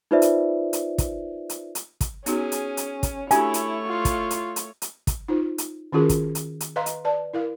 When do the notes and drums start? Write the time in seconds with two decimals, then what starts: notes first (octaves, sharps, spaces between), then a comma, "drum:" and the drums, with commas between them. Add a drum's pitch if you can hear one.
0.11 D#4 F4 B4 C5 D5 E5
0.22 drum: hi-hat
0.73 drum: hi-hat
0.98 drum: kick, hi-hat
1.49 drum: hi-hat
1.75 drum: hi-hat
2.01 drum: kick, hi-hat
2.26 B3 C#4 D#4 F#4 G#4, drum: hi-hat
2.52 drum: hi-hat
2.77 drum: hi-hat
3.03 drum: kick, hi-hat
3.31 A3 D4 E4 F#4 G4 C#5 G#5, drum: hi-hat
3.54 drum: hi-hat
3.88 F4
4.05 drum: kick, hi-hat
4.31 drum: hi-hat
4.56 drum: hi-hat
4.82 drum: hi-hat
5.07 drum: kick, hi-hat
5.28 D#4 F4 C5
5.58 drum: hi-hat
5.93 D#3 C#4 F4 F#4 G#4 A#4
6.09 drum: kick, hi-hat
6.35 drum: hi-hat
6.60 drum: hi-hat
6.76 B4 D#5 F5 A#5 C6
6.86 drum: hi-hat
7.05 B4 D5 A5
7.34 E4 A#4 F5